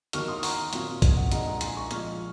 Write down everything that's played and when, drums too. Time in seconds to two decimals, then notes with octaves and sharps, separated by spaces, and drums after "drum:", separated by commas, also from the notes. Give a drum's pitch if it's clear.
0.13 D#2 D#3 F#3 A#3 C#6 F6, drum: hi-hat
0.28 C6 D#6
0.43 A#5 C#6, drum: open hi-hat
0.73 A#2 F#3 C4 F4, drum: hi-hat
1.02 drum: kick A#1, hi-hat
1.17 F#5
1.32 A#1 A#2 G#3 D#4 F#5 A#5, drum: hi-hat
1.46 F#5 A#5
1.61 G#5 C6, drum: hi-hat
1.76 A#5 C#6
1.91 A#2 F3 G#3 C#6 F6, drum: hi-hat